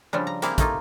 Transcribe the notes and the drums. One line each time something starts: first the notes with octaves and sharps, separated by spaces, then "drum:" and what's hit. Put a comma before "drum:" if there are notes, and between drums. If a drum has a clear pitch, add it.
C#3 F3 G3 D4
A#5
A#3 C4 E4 G4 G#4 F5, drum: hi-hat
A3 A#3 D#4 F4, drum: kick, hi-hat